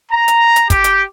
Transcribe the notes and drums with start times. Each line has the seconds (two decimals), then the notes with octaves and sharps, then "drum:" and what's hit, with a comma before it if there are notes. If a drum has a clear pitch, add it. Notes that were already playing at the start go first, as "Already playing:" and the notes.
0.10 A#5
0.28 drum: hi-hat
0.56 drum: hi-hat
0.70 G4, drum: kick, hi-hat
0.84 drum: hi-hat